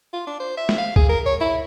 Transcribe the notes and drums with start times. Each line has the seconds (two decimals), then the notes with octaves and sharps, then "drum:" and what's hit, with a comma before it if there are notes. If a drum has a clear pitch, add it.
0.13 F4
0.27 D4
0.40 C5
0.57 E5
0.69 drum: snare
0.78 F5
0.96 G#4, drum: kick C#2
1.09 A#4
1.26 C#5
1.41 E4